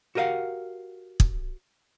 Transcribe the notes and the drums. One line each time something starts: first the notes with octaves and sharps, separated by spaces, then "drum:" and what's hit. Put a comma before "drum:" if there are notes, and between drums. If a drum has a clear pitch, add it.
F#4 G4 A#4 D#5 F5 F#5
drum: kick